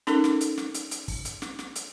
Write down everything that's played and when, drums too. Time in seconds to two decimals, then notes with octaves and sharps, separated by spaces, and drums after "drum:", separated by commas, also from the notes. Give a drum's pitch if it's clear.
0.07 C#4 D#4 A4 A#4, drum: snare
0.24 drum: snare
0.41 drum: hi-hat
0.57 drum: snare
0.74 drum: hi-hat
0.91 drum: hi-hat
1.08 drum: kick, open hi-hat
1.25 drum: hi-hat
1.42 drum: snare
1.59 drum: snare
1.75 drum: hi-hat